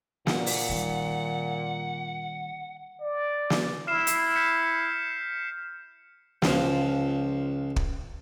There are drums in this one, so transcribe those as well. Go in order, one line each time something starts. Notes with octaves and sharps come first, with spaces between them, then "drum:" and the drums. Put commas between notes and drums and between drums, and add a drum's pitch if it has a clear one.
A#2 F#5, drum: snare
drum: open hi-hat
D#3 G3
D5
drum: snare
E4 F6 C7 E7
drum: hi-hat
G6 B6 C#7
C#2 F3, drum: snare
drum: kick